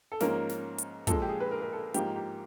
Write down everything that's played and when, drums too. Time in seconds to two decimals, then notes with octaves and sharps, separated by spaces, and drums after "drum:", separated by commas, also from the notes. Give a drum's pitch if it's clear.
0.12 A4
0.20 G#2 F3 A#3 C#4 A#4, drum: snare
0.49 drum: snare
0.78 drum: hi-hat
1.07 A#2 F3 G#3 A4, drum: kick, hi-hat
1.22 G4
1.29 G#4
1.40 B4
1.51 A#4
1.62 A#4
1.73 A4
1.94 G#2 F3 A#3 G4, drum: hi-hat
2.16 G4